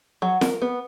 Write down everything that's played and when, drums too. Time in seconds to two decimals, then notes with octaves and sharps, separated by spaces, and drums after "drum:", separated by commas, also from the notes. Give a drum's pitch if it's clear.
0.22 F#3
0.41 A#4, drum: snare
0.62 B3